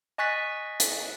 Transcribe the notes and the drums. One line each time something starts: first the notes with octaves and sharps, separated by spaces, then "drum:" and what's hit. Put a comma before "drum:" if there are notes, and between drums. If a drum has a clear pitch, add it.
D#5 G#5 C#6 F#6 A6 B6
drum: hi-hat